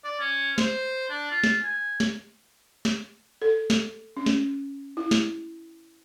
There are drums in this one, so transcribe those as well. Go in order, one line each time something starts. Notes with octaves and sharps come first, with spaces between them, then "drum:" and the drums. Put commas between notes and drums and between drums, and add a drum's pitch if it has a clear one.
D5
C#4
C5, drum: snare
D4
F4
drum: snare
G#5
drum: snare
drum: snare
A4
drum: snare
C#4
drum: snare
E4
drum: snare